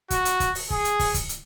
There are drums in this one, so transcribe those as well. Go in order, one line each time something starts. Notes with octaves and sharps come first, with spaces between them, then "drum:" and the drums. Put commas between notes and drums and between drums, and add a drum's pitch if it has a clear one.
F#4, drum: kick, hi-hat
drum: hi-hat
drum: kick, hi-hat
drum: open hi-hat
G#4, drum: kick
drum: hi-hat
drum: kick, open hi-hat
drum: kick, hi-hat
drum: hi-hat